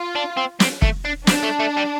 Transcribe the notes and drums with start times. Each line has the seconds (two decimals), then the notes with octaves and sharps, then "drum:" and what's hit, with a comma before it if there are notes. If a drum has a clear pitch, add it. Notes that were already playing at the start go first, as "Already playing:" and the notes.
Already playing: F4
0.16 D4
0.37 C4
0.60 C4, drum: snare
0.82 A3, drum: kick
1.05 D4
1.27 C4 D4, drum: snare
1.43 A3
1.60 A3
1.77 G3